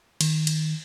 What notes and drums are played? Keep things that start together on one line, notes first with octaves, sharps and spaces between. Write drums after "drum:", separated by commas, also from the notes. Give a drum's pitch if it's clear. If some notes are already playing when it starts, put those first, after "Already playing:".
D#3, drum: cymbal
drum: cymbal